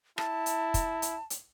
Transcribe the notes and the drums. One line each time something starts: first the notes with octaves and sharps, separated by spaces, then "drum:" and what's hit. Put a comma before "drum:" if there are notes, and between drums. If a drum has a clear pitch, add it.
E4 A5, drum: rim click
drum: hi-hat
drum: kick, hi-hat
drum: hi-hat
drum: hi-hat